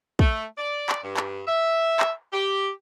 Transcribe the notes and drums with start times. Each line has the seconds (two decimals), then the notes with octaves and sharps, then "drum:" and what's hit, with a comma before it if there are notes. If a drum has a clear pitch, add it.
0.19 A3, drum: kick
0.57 D5
0.89 drum: clap
1.03 G2
1.17 drum: clap
1.47 E5
2.00 drum: clap
2.33 G4